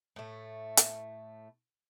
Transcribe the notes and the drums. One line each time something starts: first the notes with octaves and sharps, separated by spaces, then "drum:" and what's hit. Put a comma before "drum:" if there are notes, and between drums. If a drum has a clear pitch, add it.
A2 A3
drum: hi-hat